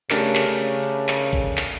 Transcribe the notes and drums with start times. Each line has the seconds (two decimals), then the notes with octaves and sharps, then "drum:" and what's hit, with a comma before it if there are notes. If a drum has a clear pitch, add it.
0.10 C#3 A3 D4 G4 A#4, drum: clap
0.35 drum: clap
0.48 C#3
0.60 drum: hi-hat
0.84 drum: hi-hat
1.08 drum: clap
1.33 drum: kick A1, hi-hat
1.57 drum: clap